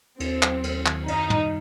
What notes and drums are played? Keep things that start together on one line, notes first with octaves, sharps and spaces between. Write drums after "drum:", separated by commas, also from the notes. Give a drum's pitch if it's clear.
D#2 C4, drum: cymbal
F#3, drum: clap
D#2, drum: cymbal
D#3, drum: clap
F#2 D#4, drum: cymbal
G3, drum: tom